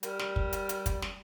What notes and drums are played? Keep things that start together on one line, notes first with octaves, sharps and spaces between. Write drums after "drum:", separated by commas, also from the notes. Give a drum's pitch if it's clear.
G3 A#4, drum: hi-hat
drum: snare
drum: kick
drum: hi-hat
drum: hi-hat
drum: kick, hi-hat
drum: snare